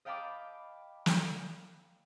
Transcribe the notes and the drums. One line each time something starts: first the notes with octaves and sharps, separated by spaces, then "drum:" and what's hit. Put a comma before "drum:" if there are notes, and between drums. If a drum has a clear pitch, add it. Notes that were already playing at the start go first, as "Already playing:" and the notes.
D#5 F5 G5 A5 B5 D6
drum: snare